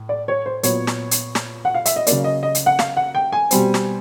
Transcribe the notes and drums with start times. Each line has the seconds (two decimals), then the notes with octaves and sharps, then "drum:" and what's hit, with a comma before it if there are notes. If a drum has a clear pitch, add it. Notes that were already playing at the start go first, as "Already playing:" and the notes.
Already playing: A2
0.09 D5
0.28 C#5
0.46 C5
0.63 A#2 F#3 B3 C#5, drum: hi-hat
0.87 drum: snare
1.11 drum: hi-hat
1.35 drum: snare
1.65 F#5
1.75 F5
1.86 E5, drum: hi-hat
1.96 D#5
2.07 C#3 F#3 A#3 D5, drum: hi-hat
2.24 D#5
2.43 D#5
2.55 drum: hi-hat
2.66 F#5
2.79 F5, drum: snare
2.97 F#5
3.15 G5
3.32 G#5
3.51 B2 G3 C4, drum: hi-hat
3.74 drum: snare